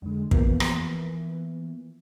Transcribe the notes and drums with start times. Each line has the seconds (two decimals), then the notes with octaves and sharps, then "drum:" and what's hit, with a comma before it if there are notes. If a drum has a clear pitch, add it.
0.02 F2 D3 G#3
0.31 E3 F3 A#3 B3, drum: kick
0.60 drum: rim click